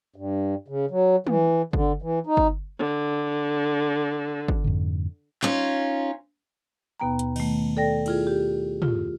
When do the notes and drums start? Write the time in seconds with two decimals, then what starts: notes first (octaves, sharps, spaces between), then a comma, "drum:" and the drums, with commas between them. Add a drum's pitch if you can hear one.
0.16 G2
0.68 C#3
0.91 F#3
1.27 E3, drum: tom
1.73 D3, drum: kick
2.02 E3
2.27 D#4
2.37 drum: kick
2.78 D3
4.48 drum: kick
4.64 F2 G#2 D3
5.42 C#4 D#4 F4, drum: clap
7.00 D#2 B2 B3 G5 A#5
7.19 drum: hi-hat
7.36 D#3 A3, drum: cymbal
7.77 A4 D5 G5 A#6
8.06 E4 F4 G#4, drum: cymbal
8.27 G4
8.82 F4, drum: tom